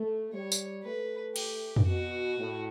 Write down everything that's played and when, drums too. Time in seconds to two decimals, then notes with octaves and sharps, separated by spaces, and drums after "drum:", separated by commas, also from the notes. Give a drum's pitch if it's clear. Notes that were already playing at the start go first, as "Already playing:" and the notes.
Already playing: A3
0.33 G3 C#5
0.52 drum: tambourine
0.84 A3 B4
1.36 G4, drum: cymbal
1.76 drum: tom F2
1.86 B2 F#4
2.38 A2